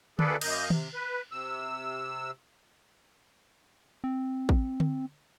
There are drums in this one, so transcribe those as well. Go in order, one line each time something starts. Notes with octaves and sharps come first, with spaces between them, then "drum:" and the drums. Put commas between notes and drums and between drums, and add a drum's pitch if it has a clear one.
D2 A#3 G#4 A4 B4 D5, drum: tom D3
F#2 A#3 D#5 G6, drum: cymbal
C3, drum: tom D#3
B4
C3 E6
C4
drum: kick
drum: tom D3